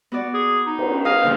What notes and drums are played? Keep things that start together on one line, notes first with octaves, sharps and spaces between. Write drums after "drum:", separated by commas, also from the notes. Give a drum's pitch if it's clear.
B3 F#4 D5
G#4
D#4
drum: cymbal
D#4 G#4 F5 D#6
A#2 D3 F3